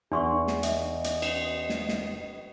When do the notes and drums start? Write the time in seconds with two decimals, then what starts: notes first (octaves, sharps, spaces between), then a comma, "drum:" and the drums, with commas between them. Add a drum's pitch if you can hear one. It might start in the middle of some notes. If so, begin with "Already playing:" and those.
0.12 E2 D4 G#4 C6 C#6
0.47 drum: snare
0.63 D#5 E5, drum: hi-hat
1.04 drum: hi-hat
1.22 drum: cymbal
1.69 drum: snare
1.89 drum: snare